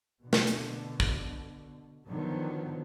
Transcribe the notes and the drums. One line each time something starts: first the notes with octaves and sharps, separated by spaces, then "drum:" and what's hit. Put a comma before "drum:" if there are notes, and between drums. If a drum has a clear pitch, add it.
B2 D3
drum: snare
drum: hi-hat
drum: kick
D3 D#3 F3 F#3 B3